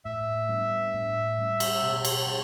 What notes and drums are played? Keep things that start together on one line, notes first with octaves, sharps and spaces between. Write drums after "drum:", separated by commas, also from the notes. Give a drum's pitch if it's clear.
A2 E5
G3 B3 D4
A2
G3 C#4
drum: cymbal
B2
drum: cymbal
G3 D4